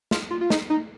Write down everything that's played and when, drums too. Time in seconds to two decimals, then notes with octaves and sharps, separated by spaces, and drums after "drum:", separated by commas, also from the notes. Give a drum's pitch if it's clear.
0.11 F4, drum: snare
0.31 F4
0.41 F4
0.50 D#4, drum: snare
0.70 D#4